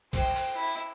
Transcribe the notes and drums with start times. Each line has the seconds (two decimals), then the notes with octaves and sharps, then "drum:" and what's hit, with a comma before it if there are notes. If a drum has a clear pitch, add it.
0.13 C5 G5, drum: kick, cymbal
0.36 drum: cymbal
0.55 E4